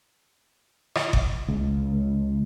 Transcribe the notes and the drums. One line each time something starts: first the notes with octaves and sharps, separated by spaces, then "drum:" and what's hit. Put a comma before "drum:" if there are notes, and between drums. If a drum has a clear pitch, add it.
drum: rim click
drum: kick G1
C#2